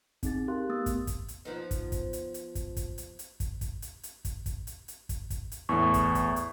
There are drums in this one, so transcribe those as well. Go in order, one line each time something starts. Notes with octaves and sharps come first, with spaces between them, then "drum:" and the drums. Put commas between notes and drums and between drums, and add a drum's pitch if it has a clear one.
C4 D#4 G#4 A6, drum: kick, hi-hat
G4 A#4 F5 C6 F#6
A3 B3 D#6 E6 A6
drum: kick, hi-hat
drum: kick, hi-hat
drum: hi-hat
F3 B3 D#4
drum: kick, hi-hat
drum: kick, hi-hat
drum: hi-hat
drum: hi-hat
drum: kick, hi-hat
drum: kick, hi-hat
drum: hi-hat
drum: hi-hat
drum: kick, hi-hat
drum: kick, hi-hat
drum: hi-hat
drum: hi-hat
drum: kick, hi-hat
drum: kick, hi-hat
drum: hi-hat
drum: hi-hat
drum: kick, hi-hat
drum: kick, hi-hat
drum: hi-hat
E2 A2 C#6
drum: kick, hi-hat
drum: kick, hi-hat
drum: hi-hat